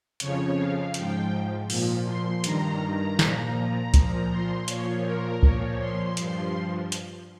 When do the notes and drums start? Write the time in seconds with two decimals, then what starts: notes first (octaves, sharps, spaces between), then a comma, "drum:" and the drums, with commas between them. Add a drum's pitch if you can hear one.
0.20 F2 C#3 F3 C#5, drum: hi-hat
0.57 F5
0.94 G#2 F3 G5, drum: hi-hat
1.70 A#2 F3, drum: open hi-hat
2.07 C6
2.44 G2 D#3 A#5, drum: hi-hat
2.82 A#5
3.19 A#2 F3, drum: snare
3.56 A#5
3.94 A#2 F3, drum: kick C2, hi-hat
4.31 C6
4.68 A#2 F3 C#5, drum: hi-hat
5.05 A#4
5.43 A#2 F3 C#5, drum: kick C2
5.80 C6
6.17 G2 F3 C6, drum: hi-hat
6.92 drum: hi-hat